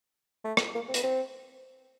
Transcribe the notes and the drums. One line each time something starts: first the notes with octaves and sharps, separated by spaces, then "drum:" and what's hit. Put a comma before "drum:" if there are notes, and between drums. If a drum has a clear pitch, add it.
A3
drum: rim click
A#3
C4
B3, drum: hi-hat
C4